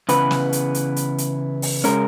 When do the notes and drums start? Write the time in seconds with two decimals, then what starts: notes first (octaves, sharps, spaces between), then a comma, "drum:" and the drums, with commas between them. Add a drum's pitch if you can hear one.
0.09 C#3 E3 B3 B4, drum: hi-hat
0.31 drum: snare
0.53 drum: hi-hat
0.74 drum: hi-hat
0.96 drum: hi-hat
1.18 drum: hi-hat
1.62 drum: open hi-hat
1.84 C#3 G#3 C#4 A#4, drum: hi-hat